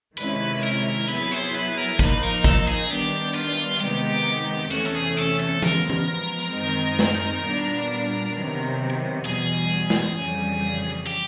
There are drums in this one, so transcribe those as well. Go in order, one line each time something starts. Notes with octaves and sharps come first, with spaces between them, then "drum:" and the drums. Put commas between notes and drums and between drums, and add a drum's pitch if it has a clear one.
C3 D#3 G#3 C#4 E4 B4
A#4
F#3 B3 E4 G#4 B4
C5
B4
A#4
F3 A#3 D#4 B4, drum: kick
A#4
A4, drum: kick
G#4
D#3 G3 B3 D4 G4
F4
drum: hi-hat
C3 D#3 G#3 B3 D#4 G4
E2 C3 E3 A3 C#4 F#4
A4
G#4
A4
A4
F3 G#3 B3 A#4, drum: tom E3
drum: tom E3
drum: tambourine
F#2 D#3 G#3 C4 D#4
drum: snare
A#2 G3 B3 D4
C3 D#3 F#3 B3
E2 B2 G3 G#4
drum: snare
F2 C#3 E3 G3
G4